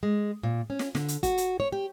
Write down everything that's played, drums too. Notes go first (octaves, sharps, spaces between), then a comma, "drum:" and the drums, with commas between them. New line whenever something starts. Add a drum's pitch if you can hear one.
G#3
A#2
C#4
drum: snare
D3, drum: snare
drum: hi-hat
F#4, drum: kick, hi-hat
drum: hi-hat
C#5
G4